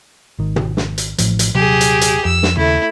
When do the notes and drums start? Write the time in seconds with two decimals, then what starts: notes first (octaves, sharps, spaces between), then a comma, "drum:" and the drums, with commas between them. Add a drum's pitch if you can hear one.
0.39 G#1 D#3
0.56 drum: tom
0.77 drum: snare
0.98 drum: hi-hat
1.18 A1 A2 F3, drum: hi-hat
1.39 drum: hi-hat
1.55 D#1 C3 F#3 G4 G#4
1.81 drum: hi-hat
2.01 drum: hi-hat
2.25 F2 E6
2.43 drum: snare
2.57 D#2 C#3 A3 E4